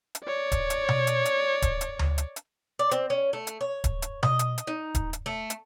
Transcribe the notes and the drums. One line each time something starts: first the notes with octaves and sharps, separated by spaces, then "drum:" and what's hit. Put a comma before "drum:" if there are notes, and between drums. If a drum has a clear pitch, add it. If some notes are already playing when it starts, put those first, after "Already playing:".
drum: hi-hat
C#5 D5
drum: kick D1, hi-hat
drum: hi-hat
drum: tom B2
drum: hi-hat
drum: hi-hat
drum: kick D1, hi-hat
drum: hi-hat
drum: tom D2
drum: hi-hat
drum: hi-hat
D5
C4, drum: hi-hat
C#4
A3
drum: hi-hat
C#5
drum: kick D1, hi-hat
drum: hi-hat
D#5, drum: tom B2
drum: hi-hat
drum: hi-hat
D#4
drum: kick D1, hi-hat
drum: hi-hat
A3
drum: hi-hat